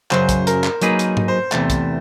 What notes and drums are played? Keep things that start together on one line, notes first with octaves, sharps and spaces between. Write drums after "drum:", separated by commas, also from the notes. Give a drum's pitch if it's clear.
F#2 C#3 F#3 C5, drum: clap
drum: kick, hi-hat
A#4, drum: hi-hat
drum: clap
F#3 A#3 D#4 G#4 B4, drum: hi-hat
drum: hi-hat
drum: tom G#2
C5
E2 C3 E3 A3, drum: clap
drum: kick, hi-hat